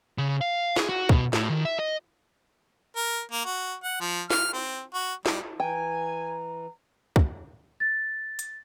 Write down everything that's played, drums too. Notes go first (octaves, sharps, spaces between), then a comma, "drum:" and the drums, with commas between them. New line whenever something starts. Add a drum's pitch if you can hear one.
C#3
F5
G#4, drum: snare
F#4
B2, drum: kick
A2, drum: snare
D#3
E5
D#5
A#4
A#3
F#4
F#5
F3
F6, drum: snare
C4
F#4
G3, drum: snare
E3 G5 G#5 A#5
drum: kick
A6
drum: hi-hat